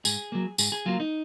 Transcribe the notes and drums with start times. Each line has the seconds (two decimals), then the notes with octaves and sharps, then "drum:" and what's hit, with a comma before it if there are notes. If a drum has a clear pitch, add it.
0.05 G#2 G#4, drum: tambourine
0.32 F#3 A#3
0.58 G#2 G#4, drum: tambourine
0.72 G#4
0.86 F#3 A#3 F4
1.00 D#4